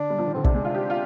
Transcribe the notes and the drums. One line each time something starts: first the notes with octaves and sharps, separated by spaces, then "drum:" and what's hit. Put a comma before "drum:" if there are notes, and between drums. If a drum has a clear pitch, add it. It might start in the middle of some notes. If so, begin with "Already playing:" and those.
Already playing: D3 D4
G3
F3
D#3
D3 C4
C3 D4, drum: kick
G#3
F4
G4
F4